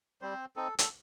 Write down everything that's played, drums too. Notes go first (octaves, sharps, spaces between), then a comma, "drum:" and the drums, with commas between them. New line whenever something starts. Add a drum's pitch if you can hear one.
G3 C4 C5
C4 D#4 A4
A4, drum: hi-hat